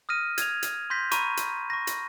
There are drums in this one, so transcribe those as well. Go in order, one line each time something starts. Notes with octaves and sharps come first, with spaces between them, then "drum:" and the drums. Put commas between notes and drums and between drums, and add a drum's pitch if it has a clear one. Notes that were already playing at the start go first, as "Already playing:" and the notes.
D#6 F6 A#6 D#7
G#6 F7, drum: hi-hat
drum: hi-hat
C6 G6 A#6 B6
A#5 B5 C#6 D#7, drum: hi-hat
drum: hi-hat
C#6 A#6
drum: hi-hat